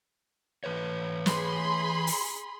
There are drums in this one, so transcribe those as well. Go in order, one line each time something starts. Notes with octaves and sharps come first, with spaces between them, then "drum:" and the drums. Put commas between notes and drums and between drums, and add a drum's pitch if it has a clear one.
E3 B4 C#5
G#4 B5 C6, drum: snare
drum: open hi-hat